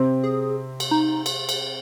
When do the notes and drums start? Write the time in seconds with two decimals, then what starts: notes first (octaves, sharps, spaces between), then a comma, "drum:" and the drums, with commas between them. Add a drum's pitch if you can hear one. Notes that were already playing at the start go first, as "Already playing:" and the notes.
Already playing: C3 C4
0.24 G#4
0.80 drum: cymbal
0.91 D#4
1.26 drum: cymbal
1.49 drum: cymbal